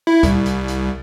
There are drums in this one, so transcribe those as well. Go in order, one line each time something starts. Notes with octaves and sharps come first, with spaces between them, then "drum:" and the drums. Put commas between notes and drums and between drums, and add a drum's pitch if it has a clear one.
E4
C2, drum: kick C#2, hi-hat
drum: hi-hat
drum: hi-hat